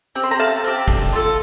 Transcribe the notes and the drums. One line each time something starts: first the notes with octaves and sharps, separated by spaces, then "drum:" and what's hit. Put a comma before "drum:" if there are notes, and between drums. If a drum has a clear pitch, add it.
C4 G4
C6
A#5
A3 F5 A5
C4 G4
D4, drum: kick, open hi-hat
F4 A4